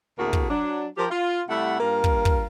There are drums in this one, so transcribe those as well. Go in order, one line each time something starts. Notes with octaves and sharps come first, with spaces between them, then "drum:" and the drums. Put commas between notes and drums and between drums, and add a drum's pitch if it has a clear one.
D2 A2 C3 A#3 F#4 G#4
drum: kick
F#3 D4
F3 G4 A#4
F4
C3 G3 A3 E4 F#5
G2 A#3 F4 A#4
drum: kick
drum: kick